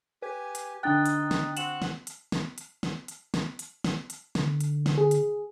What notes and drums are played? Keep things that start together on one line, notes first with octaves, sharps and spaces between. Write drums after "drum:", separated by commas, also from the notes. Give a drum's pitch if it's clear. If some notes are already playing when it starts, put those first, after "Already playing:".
G4 B4 G#5
drum: hi-hat
D3 D4 D#4 G5 F#6 A6
drum: hi-hat
drum: snare
C4 F#4 F#5 E7 F#7, drum: hi-hat
drum: snare
drum: hi-hat
drum: snare
drum: hi-hat
drum: snare
drum: hi-hat
drum: snare
drum: hi-hat
drum: snare
drum: hi-hat
D3, drum: snare
drum: hi-hat
drum: snare
G#4
drum: hi-hat